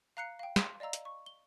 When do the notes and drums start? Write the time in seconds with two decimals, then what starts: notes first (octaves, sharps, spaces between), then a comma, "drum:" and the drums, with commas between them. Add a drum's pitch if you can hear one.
0.17 F5 A#5 F#6 C7 C#7
0.39 F5 G5
0.56 C6 B6, drum: snare
0.80 D5 D#5 F5 A#5 E6
0.93 drum: hi-hat
1.05 C#6
1.26 G7